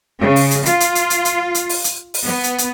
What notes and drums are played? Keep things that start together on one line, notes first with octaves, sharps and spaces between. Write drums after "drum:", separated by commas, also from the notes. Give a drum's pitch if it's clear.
C#3
drum: open hi-hat
drum: hi-hat
F4, drum: hi-hat
drum: hi-hat
drum: hi-hat
drum: hi-hat
drum: hi-hat
drum: hi-hat
drum: open hi-hat
drum: hi-hat
drum: open hi-hat
B3
drum: hi-hat
drum: hi-hat